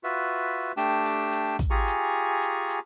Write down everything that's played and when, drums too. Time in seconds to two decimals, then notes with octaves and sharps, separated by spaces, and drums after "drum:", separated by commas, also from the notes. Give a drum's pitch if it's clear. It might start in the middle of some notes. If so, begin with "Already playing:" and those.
0.04 F4 F#4 B4 E5
0.77 A3 D4 G4 G5 A5, drum: hi-hat
1.04 drum: hi-hat
1.32 drum: hi-hat
1.59 drum: kick, hi-hat
1.70 F4 G4 G#4 G#5 A#5 C#6
1.86 drum: hi-hat
2.41 drum: hi-hat
2.69 drum: hi-hat